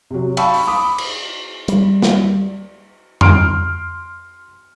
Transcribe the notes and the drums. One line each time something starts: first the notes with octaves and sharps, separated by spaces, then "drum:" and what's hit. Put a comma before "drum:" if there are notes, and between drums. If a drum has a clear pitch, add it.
C3 F#3
F5 G5 A5 B5 C#6 E6, drum: cymbal
drum: open hi-hat
B5 D6 D#6
drum: cymbal
G3, drum: hi-hat
drum: snare
C6 F6 D7, drum: tom F2